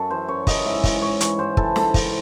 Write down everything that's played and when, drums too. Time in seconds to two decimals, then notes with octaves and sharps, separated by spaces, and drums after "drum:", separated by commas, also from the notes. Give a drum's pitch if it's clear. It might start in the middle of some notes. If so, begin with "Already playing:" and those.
Already playing: F#2 A4
0.10 E3 C5
0.28 F#2 C#5
0.47 E3 D#5, drum: kick, open hi-hat
0.65 G#2 E5
0.84 E3 D#5, drum: kick, open hi-hat
1.02 G#2 C#5
1.21 E3 C#5, drum: hi-hat
1.39 G#2 C5
1.57 E3 A4, drum: kick
1.76 G#2 A4, drum: snare
1.94 E3, drum: kick, open hi-hat